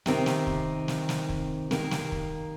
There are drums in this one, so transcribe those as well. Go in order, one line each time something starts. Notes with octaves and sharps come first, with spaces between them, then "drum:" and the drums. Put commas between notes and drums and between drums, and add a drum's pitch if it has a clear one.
C3 D#3 C4 G4, drum: snare
drum: snare
drum: kick
drum: snare
drum: snare
drum: kick
D#3 A#3 G4 A#4, drum: snare
drum: snare
drum: kick